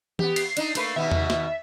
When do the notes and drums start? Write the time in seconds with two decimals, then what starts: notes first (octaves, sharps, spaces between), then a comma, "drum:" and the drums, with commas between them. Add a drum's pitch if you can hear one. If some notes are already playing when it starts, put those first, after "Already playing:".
0.19 B3 G4, drum: tom E3
0.36 C7, drum: cymbal
0.57 D4 D#4, drum: cymbal
0.75 A3 A#3 B4, drum: cymbal
0.96 D#2 B2 B3 E5
1.12 drum: tom E2
1.30 drum: snare